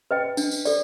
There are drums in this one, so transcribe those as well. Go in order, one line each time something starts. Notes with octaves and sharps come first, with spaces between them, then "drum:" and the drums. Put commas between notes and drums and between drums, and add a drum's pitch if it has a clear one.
B4 D#5 G5
D4, drum: tambourine
drum: tambourine
A4 D5, drum: tambourine